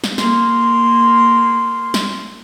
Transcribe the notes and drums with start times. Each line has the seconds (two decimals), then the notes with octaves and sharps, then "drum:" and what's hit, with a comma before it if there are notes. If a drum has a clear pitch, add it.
0.04 drum: snare
0.18 A#3 C6, drum: snare
1.94 drum: snare